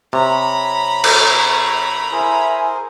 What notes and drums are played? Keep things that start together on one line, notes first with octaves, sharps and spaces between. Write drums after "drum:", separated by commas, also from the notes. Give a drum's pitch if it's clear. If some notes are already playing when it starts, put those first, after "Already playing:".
C3 C#5 A#5 B5
drum: cymbal
C#5
E4 G#4 A#4 C5 G#5